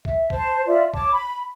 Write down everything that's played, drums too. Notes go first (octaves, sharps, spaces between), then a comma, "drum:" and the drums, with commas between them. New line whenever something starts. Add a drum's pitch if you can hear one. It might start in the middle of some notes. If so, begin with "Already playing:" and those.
E5, drum: kick
C5 A5, drum: kick
F4 D5 E5
C#5 A5 D6, drum: kick
B5